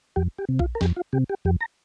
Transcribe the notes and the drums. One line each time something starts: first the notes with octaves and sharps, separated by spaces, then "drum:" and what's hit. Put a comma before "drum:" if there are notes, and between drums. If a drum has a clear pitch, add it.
F2 G4
G4
C3
F4, drum: kick A#1
A#4
F2 G4, drum: snare
F4
C3 G4
G4
F2 G4
A#5